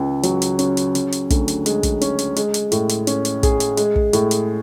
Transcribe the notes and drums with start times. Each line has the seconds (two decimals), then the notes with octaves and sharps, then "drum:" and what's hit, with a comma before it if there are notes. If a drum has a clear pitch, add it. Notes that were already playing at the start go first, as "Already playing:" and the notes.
Already playing: C#2 C#3
0.23 F#3, drum: hi-hat
0.42 drum: hi-hat
0.59 C#4, drum: hi-hat
0.77 drum: hi-hat
0.95 C#3, drum: hi-hat
1.12 drum: hi-hat
1.30 D2, drum: kick, hi-hat
1.48 drum: hi-hat
1.66 G#3, drum: hi-hat
1.83 drum: kick, hi-hat
2.01 C#4, drum: hi-hat
2.19 drum: hi-hat
2.36 G#3, drum: hi-hat
2.54 drum: hi-hat
2.72 A2, drum: hi-hat
2.89 drum: hi-hat
3.07 C#4, drum: hi-hat
3.25 drum: hi-hat
3.43 G#4, drum: kick, hi-hat
3.60 drum: hi-hat
3.77 G#3, drum: hi-hat
3.96 drum: kick
4.13 A2, drum: hi-hat
4.31 drum: hi-hat